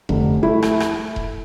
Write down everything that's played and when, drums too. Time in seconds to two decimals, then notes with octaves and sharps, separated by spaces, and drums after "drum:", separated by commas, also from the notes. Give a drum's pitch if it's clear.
0.09 F1 D3, drum: kick E1
0.43 A3 E4
0.63 drum: rim click
0.80 drum: rim click
1.16 drum: kick E1